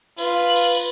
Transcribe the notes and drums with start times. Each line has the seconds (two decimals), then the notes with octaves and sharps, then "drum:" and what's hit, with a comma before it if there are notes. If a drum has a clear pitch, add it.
0.18 F4 B4, drum: tambourine
0.56 drum: tambourine
0.75 drum: tambourine